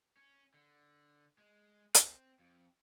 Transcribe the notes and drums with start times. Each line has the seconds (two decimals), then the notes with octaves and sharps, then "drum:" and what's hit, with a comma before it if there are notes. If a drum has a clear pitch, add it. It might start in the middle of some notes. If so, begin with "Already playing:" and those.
0.17 C#4
0.54 D3
1.38 G#3
1.94 C4, drum: hi-hat
2.39 F2